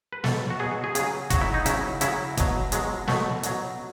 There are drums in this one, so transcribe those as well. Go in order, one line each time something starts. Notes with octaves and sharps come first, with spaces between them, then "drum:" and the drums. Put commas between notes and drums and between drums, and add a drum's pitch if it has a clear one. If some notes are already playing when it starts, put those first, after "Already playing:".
B4
B2 F#3 A4, drum: snare
F#4
B2 F#3 G#4
F#4
G#4
C#3 F#3 G#4, drum: hi-hat
C#3 F#3 F#4, drum: kick F#1, hi-hat
E4
D#4
C#3 F#3 E4, drum: hi-hat
C#3 F#3 E4, drum: hi-hat
B2 F#3, drum: kick F#1, hi-hat
B2 F#3 G#3, drum: hi-hat
B2 F#3 A3, drum: snare
B2 F#3, drum: hi-hat